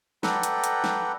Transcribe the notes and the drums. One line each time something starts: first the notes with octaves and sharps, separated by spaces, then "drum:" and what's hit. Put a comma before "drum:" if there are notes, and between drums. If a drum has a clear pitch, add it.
A4 B4 D5 F#5 G5 A#5, drum: snare
drum: hi-hat
drum: hi-hat
drum: snare